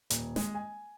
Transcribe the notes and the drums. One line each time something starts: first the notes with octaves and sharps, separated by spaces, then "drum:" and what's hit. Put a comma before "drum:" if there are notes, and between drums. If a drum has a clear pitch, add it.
D#1, drum: hi-hat
G#3, drum: snare
G#5